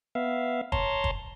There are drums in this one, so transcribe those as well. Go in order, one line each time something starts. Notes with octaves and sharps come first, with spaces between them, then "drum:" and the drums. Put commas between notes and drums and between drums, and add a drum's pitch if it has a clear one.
B3 E5 F5
C#5 A5 A#5 C6, drum: kick
drum: kick